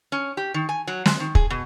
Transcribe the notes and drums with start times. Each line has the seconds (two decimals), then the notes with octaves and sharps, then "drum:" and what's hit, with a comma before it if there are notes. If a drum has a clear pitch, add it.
0.12 C#4
0.37 G4
0.54 D#3
0.69 G#5
0.87 F#3
1.06 G#3, drum: snare
1.20 D#3
1.35 G#4, drum: kick
1.50 B2